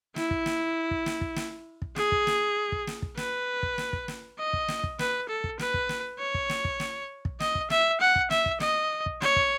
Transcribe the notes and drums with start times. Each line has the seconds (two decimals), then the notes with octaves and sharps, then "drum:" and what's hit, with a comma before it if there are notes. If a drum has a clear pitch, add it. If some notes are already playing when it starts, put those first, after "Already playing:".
0.16 E4, drum: snare
0.31 drum: kick
0.46 drum: snare
0.91 drum: kick
1.06 drum: snare
1.21 drum: kick
1.36 drum: snare
1.82 drum: kick
1.96 G#4, drum: snare
2.12 drum: kick
2.27 drum: snare
2.72 drum: kick
2.87 drum: snare
3.02 drum: kick
3.17 B4, drum: snare
3.63 drum: kick
3.78 drum: snare
3.93 drum: kick
4.08 drum: snare
4.39 D#5
4.53 drum: kick
4.68 drum: snare
4.83 drum: kick
4.99 B4, drum: snare
5.29 A4
5.44 drum: kick
5.59 B4, drum: snare
5.74 drum: kick
5.89 drum: snare
6.19 C#5
6.34 drum: kick
6.50 drum: snare
6.65 drum: kick
6.80 drum: snare
7.25 drum: kick
7.40 D#5, drum: snare
7.55 drum: kick
7.70 E5, drum: snare
8.00 F#5
8.16 drum: kick
8.31 E5, drum: snare
8.46 drum: kick
8.60 D#5, drum: snare
9.06 drum: kick
9.22 C#5, drum: snare
9.36 drum: kick